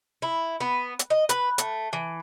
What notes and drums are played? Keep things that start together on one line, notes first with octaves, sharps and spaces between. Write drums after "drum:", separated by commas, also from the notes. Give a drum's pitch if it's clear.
E4
B3
drum: hi-hat
D#5
B4, drum: hi-hat
A3, drum: hi-hat
E3